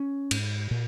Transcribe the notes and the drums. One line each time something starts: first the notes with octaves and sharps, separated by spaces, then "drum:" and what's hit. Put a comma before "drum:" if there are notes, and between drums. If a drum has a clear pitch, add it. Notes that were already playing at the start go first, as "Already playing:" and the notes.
Already playing: C#4
G#2, drum: cymbal
A#2